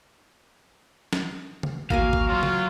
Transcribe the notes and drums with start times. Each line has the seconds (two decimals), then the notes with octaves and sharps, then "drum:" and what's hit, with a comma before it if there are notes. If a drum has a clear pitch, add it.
1.13 drum: snare
1.63 drum: tom C#3
1.90 A#3 F#4 A#4 F5 G#5, drum: kick
2.13 drum: kick
2.29 F#3 F4
2.43 drum: tom C#3